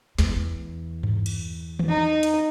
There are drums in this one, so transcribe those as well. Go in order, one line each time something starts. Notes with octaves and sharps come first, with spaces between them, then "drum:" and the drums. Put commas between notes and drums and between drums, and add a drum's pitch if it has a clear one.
E2, drum: snare
drum: tom G2
drum: cymbal
drum: tom D#3
D#4
drum: hi-hat